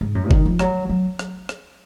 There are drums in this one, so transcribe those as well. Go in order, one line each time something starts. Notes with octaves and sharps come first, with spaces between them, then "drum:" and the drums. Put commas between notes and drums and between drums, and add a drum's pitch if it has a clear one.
G#2
F#2
D#3, drum: kick F#1
F3
F#3, drum: rim click
F#3
drum: rim click
drum: rim click